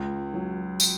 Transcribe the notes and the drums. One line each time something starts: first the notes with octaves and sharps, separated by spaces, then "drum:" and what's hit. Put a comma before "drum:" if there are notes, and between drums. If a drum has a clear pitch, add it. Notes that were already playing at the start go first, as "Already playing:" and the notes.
Already playing: C#2
F#3
drum: tambourine